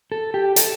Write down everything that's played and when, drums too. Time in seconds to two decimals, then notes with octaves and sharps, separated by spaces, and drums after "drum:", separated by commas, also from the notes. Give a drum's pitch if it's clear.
0.12 A4
0.34 G4
0.56 A4, drum: hi-hat